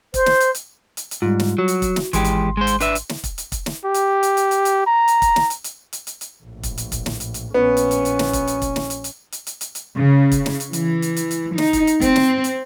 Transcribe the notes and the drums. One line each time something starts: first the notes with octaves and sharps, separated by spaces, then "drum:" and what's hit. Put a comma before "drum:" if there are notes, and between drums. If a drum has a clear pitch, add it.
C5, drum: kick, hi-hat
drum: snare
drum: hi-hat
drum: hi-hat
drum: hi-hat
drum: hi-hat
G#2 G3 F4
drum: snare
F#3 F#4
drum: hi-hat
drum: kick, hi-hat
drum: snare
G#1 E3 G#3 G4 C6, drum: hi-hat
drum: hi-hat
G#3 C5
drum: hi-hat
D4 B4 E5, drum: hi-hat
drum: hi-hat
drum: snare
drum: kick, hi-hat
drum: hi-hat
drum: kick, hi-hat
drum: snare
G4
drum: hi-hat
drum: hi-hat
drum: hi-hat
drum: hi-hat
drum: hi-hat
A#5
drum: hi-hat
drum: kick, hi-hat
drum: snare
drum: hi-hat
drum: hi-hat
drum: hi-hat
drum: hi-hat
drum: hi-hat
A#1 A2
drum: kick, hi-hat
drum: hi-hat
drum: kick, hi-hat
drum: snare
drum: hi-hat
drum: hi-hat
A#1 B3 C#4
drum: hi-hat
drum: hi-hat
drum: hi-hat
drum: snare
drum: kick, hi-hat
drum: hi-hat
drum: kick, hi-hat
drum: snare
drum: hi-hat
drum: hi-hat
drum: hi-hat
drum: hi-hat
drum: hi-hat
drum: hi-hat
C#3
drum: kick, hi-hat
drum: snare
drum: hi-hat
E3, drum: hi-hat
drum: hi-hat
drum: hi-hat
drum: hi-hat
D#4, drum: snare
drum: kick, hi-hat
drum: hi-hat
C4, drum: kick, hi-hat
drum: snare
drum: hi-hat